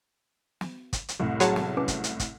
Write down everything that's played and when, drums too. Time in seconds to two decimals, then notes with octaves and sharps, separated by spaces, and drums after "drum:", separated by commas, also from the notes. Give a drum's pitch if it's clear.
0.61 drum: snare
0.93 drum: kick, hi-hat
1.09 drum: hi-hat
1.19 C2 A2
1.40 F#3 G#4 C#5 A5 B5 C6 F#6, drum: hi-hat
1.56 drum: snare
1.77 C#4 B4 D6
1.88 drum: kick, hi-hat
2.04 drum: hi-hat
2.20 drum: kick, hi-hat